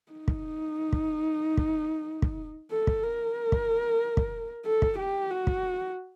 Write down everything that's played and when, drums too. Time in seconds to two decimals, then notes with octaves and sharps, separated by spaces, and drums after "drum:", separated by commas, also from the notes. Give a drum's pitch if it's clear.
0.12 D#4
0.28 drum: kick
0.93 drum: kick
1.57 drum: kick
2.22 drum: kick
2.71 A4
2.87 drum: kick
3.04 A#4
3.52 drum: kick
4.17 drum: kick
4.66 A4
4.82 drum: kick
4.98 G4
5.31 F#4
5.47 drum: kick